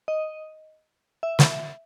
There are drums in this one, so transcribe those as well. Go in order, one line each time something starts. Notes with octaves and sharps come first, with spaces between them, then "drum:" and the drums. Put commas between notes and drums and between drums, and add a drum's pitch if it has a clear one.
D#5
E5
drum: snare